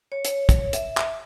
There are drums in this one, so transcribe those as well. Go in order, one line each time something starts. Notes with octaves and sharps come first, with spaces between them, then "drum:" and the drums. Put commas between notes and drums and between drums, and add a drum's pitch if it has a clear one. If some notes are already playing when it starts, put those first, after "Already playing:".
C#5
drum: hi-hat
drum: kick, hi-hat
E5, drum: hi-hat
drum: clap